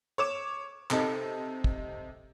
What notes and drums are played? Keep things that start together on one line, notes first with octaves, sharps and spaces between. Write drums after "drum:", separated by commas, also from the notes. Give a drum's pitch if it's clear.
C#5 D6 E7
C3 D#4 A4, drum: clap
drum: kick